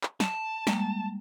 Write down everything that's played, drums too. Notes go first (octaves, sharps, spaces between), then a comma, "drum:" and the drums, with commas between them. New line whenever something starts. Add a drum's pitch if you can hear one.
drum: clap
A5, drum: snare
G3 G#3 A#3, drum: snare